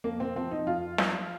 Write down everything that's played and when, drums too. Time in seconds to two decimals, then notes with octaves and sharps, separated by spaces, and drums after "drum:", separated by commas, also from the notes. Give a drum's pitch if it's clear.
0.04 F2 A#3
0.20 C4
0.36 F3 C4
0.51 D#4
0.66 F2 F4
0.98 F3, drum: snare